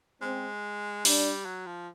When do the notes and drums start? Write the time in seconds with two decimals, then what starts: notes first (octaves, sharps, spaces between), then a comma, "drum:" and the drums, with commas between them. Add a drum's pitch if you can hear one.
0.22 G#3 C4
1.05 G3 D4, drum: open hi-hat
1.45 F#3
1.66 F3